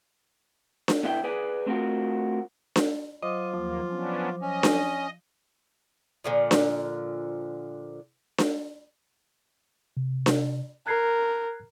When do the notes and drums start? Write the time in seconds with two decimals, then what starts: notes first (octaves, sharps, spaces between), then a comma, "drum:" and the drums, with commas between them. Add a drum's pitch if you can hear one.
0.88 drum: snare D4
1.03 B2 D3 B3 E4 D#5 G5
1.24 G#4 B4 D5 G#5
1.66 A3 C4 D4 F4 F#4 A#4
2.76 drum: snare D4
3.22 F#3 F4 C5 D#5 D6
3.54 D#2 F3 A#3
3.89 B3 C#4 D4
4.41 C#4 D#5
4.63 drum: snare D4
6.24 A#2 D3 F3
6.51 drum: snare D4
8.38 drum: snare D4
9.97 C3
10.26 drum: snare D4
10.87 A#4 F#6 G#6 C7